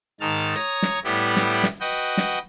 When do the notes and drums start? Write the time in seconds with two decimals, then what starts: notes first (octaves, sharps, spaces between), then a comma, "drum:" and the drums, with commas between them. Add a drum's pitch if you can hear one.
0.20 G#2 D#3 A5 F6
0.55 C#5 A#5 C#6 D#6, drum: hi-hat
0.82 drum: snare
1.04 A2 G3 B3 E4 G4
1.36 drum: snare
1.63 drum: snare
1.80 F#4 B4 D#5 G5
2.17 drum: snare